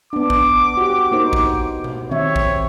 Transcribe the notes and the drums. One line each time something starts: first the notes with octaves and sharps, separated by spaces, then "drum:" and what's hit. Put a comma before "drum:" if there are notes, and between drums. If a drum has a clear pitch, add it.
B3 D4 D6
drum: kick
F#4 G4
A#3 D#4 C5
drum: kick
drum: tom B2
D#3 C4 C#5 E5
drum: kick